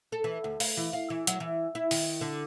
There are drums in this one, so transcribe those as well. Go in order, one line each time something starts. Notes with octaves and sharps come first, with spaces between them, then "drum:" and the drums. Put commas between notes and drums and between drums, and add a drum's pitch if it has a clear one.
A4
E3
D2
F5, drum: open hi-hat
E3
F5
E3
F#3, drum: hi-hat
E3
E4
D#3, drum: open hi-hat
D3